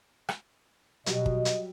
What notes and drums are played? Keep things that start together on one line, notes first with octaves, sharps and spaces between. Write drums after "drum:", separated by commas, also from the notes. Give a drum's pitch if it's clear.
drum: rim click
B2 F#3 G3 D#5, drum: hi-hat
drum: kick
drum: hi-hat